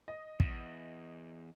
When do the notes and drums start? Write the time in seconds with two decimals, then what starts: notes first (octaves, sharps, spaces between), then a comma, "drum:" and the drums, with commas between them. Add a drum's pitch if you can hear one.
0.08 D#5
0.40 E2, drum: kick